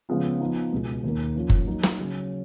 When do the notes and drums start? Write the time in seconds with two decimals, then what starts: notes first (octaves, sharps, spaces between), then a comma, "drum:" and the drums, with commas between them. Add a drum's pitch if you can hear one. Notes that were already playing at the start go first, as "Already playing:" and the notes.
0.09 C#3 F3 G#3 B3 F4
0.40 F3 B3 D#4
0.72 C#2 B2 G#3
1.03 D#2 D#3 A#3
1.35 F3 A#3 C#4 F4
1.50 drum: kick F#1
1.67 F#3 A#3 D#4
1.83 drum: snare
1.99 C#3 F#3 C#4